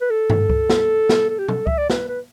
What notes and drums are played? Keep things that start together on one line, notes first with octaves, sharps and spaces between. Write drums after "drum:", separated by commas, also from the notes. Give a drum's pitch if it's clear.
B4
A4
drum: tom G2
drum: kick C#2
drum: snare
drum: snare
A4
G4
A4, drum: tom B2
E5, drum: kick C#2
D5
B4, drum: snare
B4